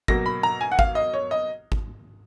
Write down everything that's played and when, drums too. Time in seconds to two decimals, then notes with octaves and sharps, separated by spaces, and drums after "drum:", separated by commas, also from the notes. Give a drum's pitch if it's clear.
0.08 B2 F#3 A#3 A#6, drum: kick G#1
0.26 B5
0.43 A#5
0.61 G#5
0.72 F#5
0.79 F5, drum: kick G#1
0.95 D#5
1.14 C#5
1.31 D#5
1.72 drum: kick G#1